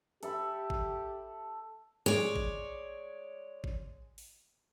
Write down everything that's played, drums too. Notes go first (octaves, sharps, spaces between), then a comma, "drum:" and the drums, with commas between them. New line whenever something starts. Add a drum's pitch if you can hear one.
G4 A4 E5 B5, drum: hi-hat
drum: kick G#1
G#3 C#5 D5
drum: kick G#1
drum: kick G#1
drum: open hi-hat